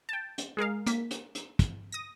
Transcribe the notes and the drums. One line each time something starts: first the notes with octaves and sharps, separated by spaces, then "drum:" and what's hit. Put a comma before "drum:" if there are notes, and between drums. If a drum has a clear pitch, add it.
G5 A5
drum: hi-hat
G#3 G#4 A#4 F5
A#3 B6, drum: hi-hat
drum: hi-hat
drum: hi-hat
drum: kick, hi-hat
D#6 A#6